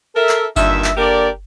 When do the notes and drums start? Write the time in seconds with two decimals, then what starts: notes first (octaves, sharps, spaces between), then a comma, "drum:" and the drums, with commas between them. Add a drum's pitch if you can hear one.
0.15 A4 A#4 E5
0.29 drum: clap
0.56 G2 A#2 D#3 E5, drum: kick G1, tambourine
0.84 drum: clap
0.97 D3 A#3 G4 A#4 D5